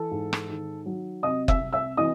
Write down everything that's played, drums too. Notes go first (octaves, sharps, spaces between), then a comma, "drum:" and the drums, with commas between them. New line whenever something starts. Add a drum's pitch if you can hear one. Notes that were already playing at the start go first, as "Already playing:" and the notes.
Already playing: E3 A4
G#2
drum: rim click
D#3
F#3
C3 D#5 D#6
E5 E6, drum: kick F#1
C2
E5 E6
E3 D#5 D#6